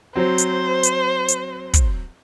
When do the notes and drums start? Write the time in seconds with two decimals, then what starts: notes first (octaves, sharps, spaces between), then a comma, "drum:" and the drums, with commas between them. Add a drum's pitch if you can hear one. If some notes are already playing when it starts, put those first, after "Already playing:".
0.16 F#3 C4 C5
0.38 drum: hi-hat
0.83 drum: hi-hat
1.28 drum: hi-hat
1.74 drum: kick, hi-hat